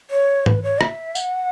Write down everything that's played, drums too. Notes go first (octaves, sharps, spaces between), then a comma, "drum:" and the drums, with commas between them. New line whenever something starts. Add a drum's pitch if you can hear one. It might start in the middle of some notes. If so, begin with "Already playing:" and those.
C#5
B4, drum: tom G#2
C#5
E5, drum: rim click
F#5, drum: tambourine